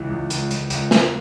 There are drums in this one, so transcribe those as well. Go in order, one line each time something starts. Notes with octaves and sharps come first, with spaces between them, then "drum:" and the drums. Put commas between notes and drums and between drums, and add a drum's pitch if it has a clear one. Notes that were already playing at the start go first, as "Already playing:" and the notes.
Already playing: C#2 E3
C#2
C#2, drum: hi-hat
C#2, drum: hi-hat
C#2, drum: hi-hat
A#3, drum: snare